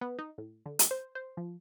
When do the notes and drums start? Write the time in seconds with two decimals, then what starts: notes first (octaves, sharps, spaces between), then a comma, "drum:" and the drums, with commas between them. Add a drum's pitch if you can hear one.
0.01 B3
0.19 D#4
0.38 A2
0.66 D3
0.79 drum: hi-hat
0.91 C5
1.15 C5
1.37 F3